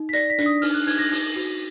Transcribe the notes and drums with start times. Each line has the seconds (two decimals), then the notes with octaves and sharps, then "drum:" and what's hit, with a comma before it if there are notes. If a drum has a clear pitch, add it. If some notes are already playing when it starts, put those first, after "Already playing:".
Already playing: D#4
0.09 B6
0.13 D5 A#6, drum: hi-hat
0.30 B6
0.38 D4, drum: hi-hat
0.46 D#6
0.62 D#4 F6, drum: open hi-hat
0.74 F#6
0.87 D#4 G#6, drum: open hi-hat
0.99 A#6
1.12 D#4, drum: open hi-hat
1.36 F#4